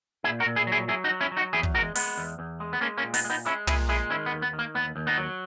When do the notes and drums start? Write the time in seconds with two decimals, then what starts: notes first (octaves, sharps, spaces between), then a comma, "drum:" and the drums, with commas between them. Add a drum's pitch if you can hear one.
0.24 A#2 E4 G#4
0.40 F#4 A#4
0.45 A#2
0.56 E4 G#4
0.67 F#3
0.72 E4 G#4
0.88 F#3 E4 G#4
1.04 D#4 F#4
1.10 F#3
1.21 C#4 E4
1.32 F#3
1.37 D#4 F#4
1.53 E2 E4 G#4
1.63 drum: kick
1.74 G#3 F#4 A#4
1.95 G#3 B3, drum: open hi-hat
2.17 E2
2.39 E2
2.60 G#3
2.73 B3
2.81 G#3 A#3 C#4
2.98 A#3 C#4
3.03 A#2
3.14 B3 D#4, drum: open hi-hat
3.24 G#3
3.30 B3 D#4
3.46 G#3 C#4 E4, drum: hi-hat
3.67 A#2 E4 G#4, drum: tom
3.89 G#3 E4 G#4
4.10 D#3 C#4 E4
4.26 B3
4.31 D#2
4.42 B3
4.53 D#3
4.59 A#3
4.75 D#2 B3
4.96 D#2
5.07 B3 D#4
5.17 F#3